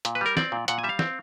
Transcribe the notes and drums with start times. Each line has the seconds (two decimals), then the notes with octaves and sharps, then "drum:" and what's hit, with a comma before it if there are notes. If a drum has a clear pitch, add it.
0.05 A#2, drum: hi-hat
0.15 B4
0.21 G3 A#4
0.37 C4 D5, drum: snare
0.52 A#2
0.68 A#2 F#5, drum: hi-hat
0.79 G#5
0.84 G3 E5
0.89 F5
0.99 C4, drum: snare